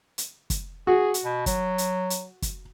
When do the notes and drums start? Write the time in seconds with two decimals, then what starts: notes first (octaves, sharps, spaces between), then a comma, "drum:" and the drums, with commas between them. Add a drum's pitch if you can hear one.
0.18 drum: hi-hat
0.50 drum: kick, hi-hat
0.87 F#4 G#4
1.14 drum: hi-hat
1.24 B2
1.46 F#3, drum: kick, hi-hat
1.78 drum: hi-hat
2.10 drum: hi-hat
2.42 drum: kick, hi-hat